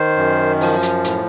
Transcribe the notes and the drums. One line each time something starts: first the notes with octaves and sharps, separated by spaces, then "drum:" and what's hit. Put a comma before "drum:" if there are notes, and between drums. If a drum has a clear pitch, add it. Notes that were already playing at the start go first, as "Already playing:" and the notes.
Already playing: D#3 C5
F#2
F3, drum: open hi-hat
drum: hi-hat
A2, drum: hi-hat